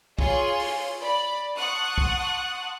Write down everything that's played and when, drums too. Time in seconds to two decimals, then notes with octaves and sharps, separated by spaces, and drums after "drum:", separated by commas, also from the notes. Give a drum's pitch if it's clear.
0.19 F4 G#4 C#5 C6, drum: kick
0.60 drum: open hi-hat
1.00 D5 B5
1.56 F#5 A5 C6 C#6 D#6 F#6
1.98 drum: kick